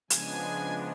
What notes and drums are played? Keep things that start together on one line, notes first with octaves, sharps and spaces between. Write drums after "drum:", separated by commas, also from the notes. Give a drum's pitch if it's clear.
C#3 F3 G#3 B3 D4 G#5, drum: hi-hat